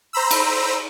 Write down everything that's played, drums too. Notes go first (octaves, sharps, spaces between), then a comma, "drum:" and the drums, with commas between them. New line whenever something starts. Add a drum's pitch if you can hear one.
C5 A#5 B5 E6
drum: cymbal